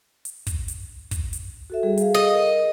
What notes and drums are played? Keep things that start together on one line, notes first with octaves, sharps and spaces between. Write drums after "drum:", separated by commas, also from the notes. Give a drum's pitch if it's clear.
drum: hi-hat
drum: kick, hi-hat
drum: hi-hat
drum: kick, hi-hat
drum: hi-hat
F#4 A4 E5
G3 G#4
G#4 F5, drum: hi-hat
D#5
A#4